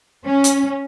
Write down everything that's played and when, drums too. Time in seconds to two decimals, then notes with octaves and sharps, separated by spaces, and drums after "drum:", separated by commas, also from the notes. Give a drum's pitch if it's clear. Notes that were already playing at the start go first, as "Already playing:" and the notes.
0.27 C#4
0.44 drum: hi-hat